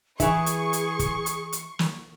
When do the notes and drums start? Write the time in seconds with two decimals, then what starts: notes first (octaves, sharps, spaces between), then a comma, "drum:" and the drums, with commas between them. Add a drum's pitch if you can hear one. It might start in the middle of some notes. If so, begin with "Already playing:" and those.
0.20 E3 E4 G#4 C#6, drum: kick, hi-hat
0.46 drum: hi-hat
0.73 drum: hi-hat
0.99 drum: kick, hi-hat
1.26 drum: hi-hat
1.53 drum: hi-hat
1.79 drum: snare